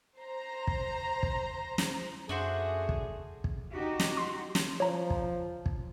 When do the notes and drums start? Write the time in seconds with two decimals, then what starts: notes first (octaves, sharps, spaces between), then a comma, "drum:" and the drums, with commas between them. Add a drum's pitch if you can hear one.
0.18 C5 A#5
0.67 drum: kick
1.23 drum: kick
1.78 drum: snare
2.29 F#2 A3 D4 F#4 G#4 C5
2.89 drum: kick
3.44 drum: kick
3.72 D#4 F#4 G4
4.00 drum: snare
4.17 C6
4.55 drum: snare
4.80 F3 C#5 A#5
5.10 drum: kick
5.66 drum: kick